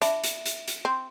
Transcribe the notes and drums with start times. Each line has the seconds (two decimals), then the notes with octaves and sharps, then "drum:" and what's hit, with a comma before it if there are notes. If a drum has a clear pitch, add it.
0.02 D4 E5 B5, drum: hi-hat
0.24 drum: hi-hat
0.46 drum: hi-hat
0.68 drum: hi-hat
0.85 C4